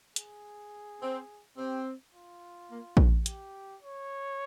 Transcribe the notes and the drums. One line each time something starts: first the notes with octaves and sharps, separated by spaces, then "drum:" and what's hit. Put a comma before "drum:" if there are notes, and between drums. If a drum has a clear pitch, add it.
G#4, drum: hi-hat
C4
C4 G4
F4
A#3
drum: kick A#1
G4, drum: hi-hat
C#5